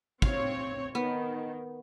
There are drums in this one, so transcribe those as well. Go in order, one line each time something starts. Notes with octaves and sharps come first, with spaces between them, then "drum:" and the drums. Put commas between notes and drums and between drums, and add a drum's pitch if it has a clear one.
C4 C#5 F5, drum: kick
D#3 B3